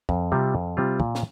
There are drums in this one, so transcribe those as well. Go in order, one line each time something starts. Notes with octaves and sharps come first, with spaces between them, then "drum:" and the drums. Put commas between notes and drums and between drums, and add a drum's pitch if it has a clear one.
F2, drum: kick
C3 G3 C4 F4
F2
C3 G3 C4 F4
A#2, drum: kick
drum: snare